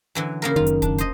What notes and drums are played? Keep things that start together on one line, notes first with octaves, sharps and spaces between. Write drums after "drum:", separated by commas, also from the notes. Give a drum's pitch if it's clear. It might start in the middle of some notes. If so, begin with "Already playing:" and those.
D3 E3 F#3
C#3 A#3 A#4
F#1 D#3 F4
drum: hi-hat
D4, drum: kick E1, hi-hat
C5 D#5, drum: hi-hat